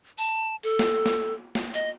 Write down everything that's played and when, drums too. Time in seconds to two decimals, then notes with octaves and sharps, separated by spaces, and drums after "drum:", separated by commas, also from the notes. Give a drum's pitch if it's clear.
0.18 A5, drum: tambourine
0.63 A4, drum: hi-hat
0.79 drum: snare
1.06 drum: snare
1.55 drum: snare
1.74 D#5, drum: hi-hat